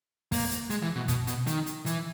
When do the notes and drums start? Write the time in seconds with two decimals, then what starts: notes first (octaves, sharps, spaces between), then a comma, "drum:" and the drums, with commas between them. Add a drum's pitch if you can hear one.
0.32 A#3, drum: kick, open hi-hat
0.51 drum: hi-hat
0.70 G#3, drum: hi-hat
0.83 E3
0.96 B2
1.08 B2, drum: kick, hi-hat
1.27 B2, drum: hi-hat
1.47 D#3, drum: hi-hat
1.66 drum: hi-hat
1.86 E3, drum: hi-hat